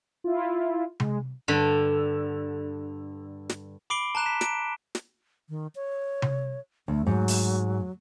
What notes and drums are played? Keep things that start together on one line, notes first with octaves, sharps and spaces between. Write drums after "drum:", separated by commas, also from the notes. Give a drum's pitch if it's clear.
E4 F4
G#3, drum: tom C3
G2 D3
drum: snare
B5 D6 C7 D7 G7
A5 A#5 F#6 E7
B6
D7, drum: snare
drum: snare
D#3
C#5
drum: tom C3
D2 A3
G#2 F#3
drum: open hi-hat